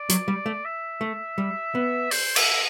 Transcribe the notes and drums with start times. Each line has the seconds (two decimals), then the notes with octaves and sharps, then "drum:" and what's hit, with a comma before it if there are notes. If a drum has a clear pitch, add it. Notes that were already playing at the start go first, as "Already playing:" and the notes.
Already playing: D5
0.09 F#3, drum: hi-hat
0.28 G3
0.46 A3
0.64 E5
1.01 A3
1.38 G3
1.75 B3
2.11 C5, drum: open hi-hat
2.36 E5, drum: cymbal